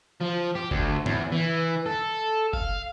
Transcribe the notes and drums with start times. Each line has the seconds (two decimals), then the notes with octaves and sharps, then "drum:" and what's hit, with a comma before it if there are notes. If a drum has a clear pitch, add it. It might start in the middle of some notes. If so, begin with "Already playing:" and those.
0.21 F3
0.55 G4
0.71 D2, drum: kick F#1
1.06 E2, drum: tom
1.32 E3
1.86 A4
2.53 F5, drum: kick F#1